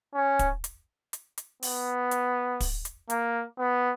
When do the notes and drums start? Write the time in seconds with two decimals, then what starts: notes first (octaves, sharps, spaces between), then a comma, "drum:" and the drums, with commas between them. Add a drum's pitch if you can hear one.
0.14 C#4
0.39 drum: kick, hi-hat
0.64 drum: hi-hat
1.13 drum: hi-hat
1.38 drum: hi-hat
1.63 B3, drum: open hi-hat
2.11 drum: hi-hat
2.60 drum: kick, open hi-hat
2.85 drum: hi-hat
3.10 A#3, drum: hi-hat
3.58 B3